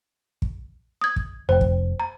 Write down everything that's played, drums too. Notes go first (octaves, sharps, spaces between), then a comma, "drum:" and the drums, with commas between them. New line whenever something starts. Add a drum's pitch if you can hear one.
drum: kick
D#6 G#6
drum: kick
F1 C5 G5
drum: kick
A#5